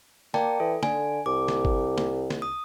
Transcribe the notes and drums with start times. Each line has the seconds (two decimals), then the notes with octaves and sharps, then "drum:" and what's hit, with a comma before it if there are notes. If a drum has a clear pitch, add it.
0.34 A#3 D5 G5 A5, drum: snare
0.60 E3 A4
0.83 D3 G#5, drum: snare
1.26 C2 D6
1.48 drum: snare
1.65 drum: kick G1
1.98 drum: snare
2.30 drum: snare
2.42 D#6